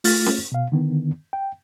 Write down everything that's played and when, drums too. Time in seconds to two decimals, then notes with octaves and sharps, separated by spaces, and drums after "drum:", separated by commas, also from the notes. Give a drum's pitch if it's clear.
0.04 A3 F4 F6 A6, drum: open hi-hat
0.26 drum: snare C#4
0.52 B2 F5
0.72 D3 D#3 B3
1.33 G5